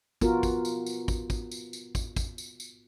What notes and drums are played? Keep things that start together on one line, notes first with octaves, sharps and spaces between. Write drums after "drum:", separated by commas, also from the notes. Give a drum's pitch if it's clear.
B3 F4 F#4 A#4, drum: kick, tambourine
drum: kick, tambourine
drum: tambourine
drum: tambourine
drum: kick, tambourine
drum: kick, tambourine
drum: tambourine
drum: tambourine
drum: kick, tambourine
drum: kick, tambourine
drum: tambourine
drum: tambourine